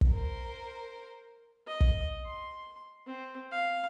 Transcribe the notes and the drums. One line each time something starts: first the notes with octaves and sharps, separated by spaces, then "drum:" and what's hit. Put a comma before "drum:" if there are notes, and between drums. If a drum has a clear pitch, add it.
drum: kick
A#4 C5
D#5
drum: kick
C6
C4
F5